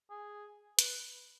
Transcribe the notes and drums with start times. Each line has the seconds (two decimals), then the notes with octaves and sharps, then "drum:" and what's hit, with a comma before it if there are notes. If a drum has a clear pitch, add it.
0.10 G#4
0.79 B4, drum: hi-hat